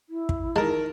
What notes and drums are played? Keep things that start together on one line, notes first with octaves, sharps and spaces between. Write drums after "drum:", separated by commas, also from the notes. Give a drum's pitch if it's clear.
E4
drum: kick
D#3 G#3 A#4 A5